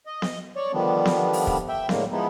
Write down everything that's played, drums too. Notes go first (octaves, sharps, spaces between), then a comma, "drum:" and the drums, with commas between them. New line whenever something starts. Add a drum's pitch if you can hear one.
D#5
drum: snare B3
C#5 D5
D3 D#3 F3 G3 B3 D4
drum: snare B3
drum: open hi-hat
drum: kick
E5 G5
A2 D3 G#3 A#3, drum: snare B3
F3 G#3 B3 D#4 E4